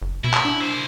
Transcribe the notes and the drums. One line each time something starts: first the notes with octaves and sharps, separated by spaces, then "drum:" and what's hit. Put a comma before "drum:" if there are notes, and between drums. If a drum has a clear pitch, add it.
F#1
B2 E4
drum: clap
D4
E4 C5